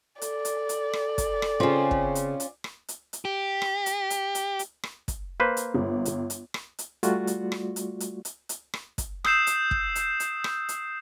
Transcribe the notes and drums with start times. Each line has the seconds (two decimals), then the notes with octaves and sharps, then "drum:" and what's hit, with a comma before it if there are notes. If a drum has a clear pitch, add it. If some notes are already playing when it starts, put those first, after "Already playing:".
0.22 A4 D5, drum: hi-hat
0.45 drum: hi-hat
0.69 drum: hi-hat
0.93 drum: rim click
1.18 drum: kick, hi-hat
1.42 drum: rim click
1.60 C#3 C4 C#4 F4
1.91 drum: kick
2.15 drum: hi-hat
2.40 drum: hi-hat
2.64 drum: rim click
2.88 drum: hi-hat
3.13 drum: hi-hat
3.25 G4
3.62 drum: rim click
3.86 drum: hi-hat
4.10 drum: hi-hat
4.35 drum: hi-hat
4.59 drum: hi-hat
4.84 drum: rim click
5.08 drum: kick, hi-hat
5.40 A#3 B4 C5
5.57 drum: hi-hat
5.74 G1
6.05 drum: hi-hat
6.30 drum: hi-hat
6.54 drum: rim click
6.79 drum: hi-hat
7.03 G3 A3 F4 F#4 D5, drum: hi-hat
7.27 drum: hi-hat
7.52 drum: rim click
7.76 drum: hi-hat
8.00 drum: hi-hat
8.25 drum: hi-hat
8.49 drum: hi-hat
8.74 drum: rim click
8.98 drum: kick, hi-hat
9.25 D#6 E6 G6 C7 E7, drum: rim click
9.47 drum: hi-hat
9.71 drum: kick
9.95 drum: hi-hat
10.20 drum: hi-hat
10.44 drum: rim click
10.69 drum: hi-hat